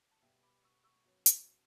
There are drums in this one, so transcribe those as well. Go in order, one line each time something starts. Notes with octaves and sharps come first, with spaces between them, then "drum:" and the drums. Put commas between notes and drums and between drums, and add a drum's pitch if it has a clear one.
A5
B2 G3 B3 E5 G5
B5 D6
C#6 E6
C#6 E6
B2 F#3 C#4
drum: hi-hat